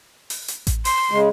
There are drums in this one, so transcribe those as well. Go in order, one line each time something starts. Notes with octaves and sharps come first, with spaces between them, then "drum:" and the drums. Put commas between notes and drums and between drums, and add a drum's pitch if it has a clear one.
drum: open hi-hat
drum: hi-hat
drum: kick A1, hi-hat
C6, drum: open hi-hat
C#3 G#3